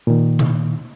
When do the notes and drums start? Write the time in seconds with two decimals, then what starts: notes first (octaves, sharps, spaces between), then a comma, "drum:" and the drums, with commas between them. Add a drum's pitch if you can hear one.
0.07 A#2 D#3
0.39 drum: tom B2